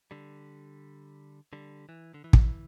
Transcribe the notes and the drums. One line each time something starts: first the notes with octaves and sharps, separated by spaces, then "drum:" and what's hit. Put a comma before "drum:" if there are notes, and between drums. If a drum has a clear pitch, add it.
D3 G3
D3 G3
E3
D3
E3
drum: kick